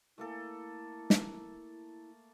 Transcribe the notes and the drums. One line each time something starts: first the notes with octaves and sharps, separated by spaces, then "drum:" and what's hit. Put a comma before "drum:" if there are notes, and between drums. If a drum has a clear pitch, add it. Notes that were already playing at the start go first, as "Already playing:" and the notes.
A3 A#3 E4 A4
drum: snare